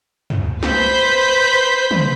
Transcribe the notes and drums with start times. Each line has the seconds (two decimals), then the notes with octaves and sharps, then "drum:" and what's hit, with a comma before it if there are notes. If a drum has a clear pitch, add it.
0.30 drum: tom
0.63 B4 C5 B5 C6 G6 B6, drum: snare
1.91 drum: tom